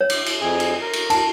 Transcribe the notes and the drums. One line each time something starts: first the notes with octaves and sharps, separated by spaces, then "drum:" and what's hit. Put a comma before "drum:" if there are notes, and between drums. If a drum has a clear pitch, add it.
C#5
drum: cymbal
drum: cymbal
F2 G#4
drum: cymbal
A#4
drum: cymbal
A5, drum: cymbal